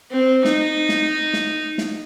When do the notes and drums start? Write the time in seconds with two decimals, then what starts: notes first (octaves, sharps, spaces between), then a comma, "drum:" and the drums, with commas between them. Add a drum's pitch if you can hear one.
0.11 C4
0.45 D#4, drum: snare
0.89 drum: snare
1.33 drum: snare
1.78 drum: snare